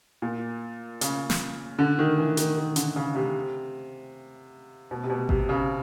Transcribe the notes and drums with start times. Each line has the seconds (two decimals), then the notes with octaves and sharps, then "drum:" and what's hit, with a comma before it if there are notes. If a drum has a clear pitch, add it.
0.22 A#2
1.01 C#3, drum: hi-hat
1.30 drum: snare
1.79 D3
1.99 D#3
2.18 E3
2.37 D#3, drum: hi-hat
2.57 D#3
2.76 D3, drum: hi-hat
2.96 C#3
3.15 C3
4.91 B2
5.04 C3
5.10 B2
5.29 C3, drum: kick G#1
5.49 C#3